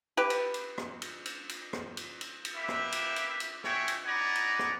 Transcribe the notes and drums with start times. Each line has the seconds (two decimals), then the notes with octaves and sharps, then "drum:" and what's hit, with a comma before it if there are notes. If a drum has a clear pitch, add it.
0.17 G4 B4
0.30 drum: cymbal
0.54 drum: cymbal
0.78 drum: rim click
1.02 drum: cymbal
1.25 drum: cymbal
1.49 drum: cymbal
1.73 drum: rim click
1.97 drum: cymbal
2.21 drum: cymbal
2.45 drum: cymbal
2.55 A#3 G4 B4 E5
2.69 drum: rim click
2.92 drum: cymbal
3.16 drum: cymbal
3.40 drum: cymbal
3.64 G#3 E4 F#4 C#5 E5 G5, drum: rim click
3.88 drum: cymbal
4.06 D5 D#5 F#5 G#5 A#5 B5
4.35 drum: cymbal
4.59 drum: rim click